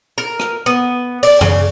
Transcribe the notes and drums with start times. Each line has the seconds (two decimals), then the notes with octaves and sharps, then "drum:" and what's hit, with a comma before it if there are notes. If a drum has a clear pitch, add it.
0.18 A#4
0.39 drum: rim click
0.66 B3
1.23 D5, drum: open hi-hat
1.41 C#3, drum: tom F#2